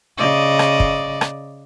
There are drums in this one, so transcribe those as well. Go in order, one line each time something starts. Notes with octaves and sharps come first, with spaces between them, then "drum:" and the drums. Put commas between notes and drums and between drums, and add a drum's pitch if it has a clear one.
C#3 D5 D#5
drum: rim click
drum: kick
drum: rim click